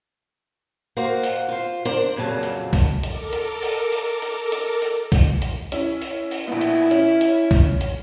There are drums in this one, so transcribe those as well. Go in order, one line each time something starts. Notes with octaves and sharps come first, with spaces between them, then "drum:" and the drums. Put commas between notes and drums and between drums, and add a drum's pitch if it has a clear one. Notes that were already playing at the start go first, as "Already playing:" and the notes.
A#3 F#4 C5
drum: open hi-hat
F4 C5
D4 A#4 C5 D5, drum: hi-hat
F2 A#2 C#3 F#3 A5
drum: hi-hat
drum: kick B1, open hi-hat
A4 A#4 D6, drum: hi-hat
drum: hi-hat
drum: open hi-hat
drum: open hi-hat
drum: hi-hat
drum: hi-hat
drum: hi-hat
drum: kick B1, open hi-hat
drum: hi-hat
C#4 E4, drum: hi-hat
drum: open hi-hat
drum: open hi-hat
A#1 B3 E4
drum: hi-hat
C#4, drum: hi-hat
drum: hi-hat
drum: kick B1, open hi-hat
drum: hi-hat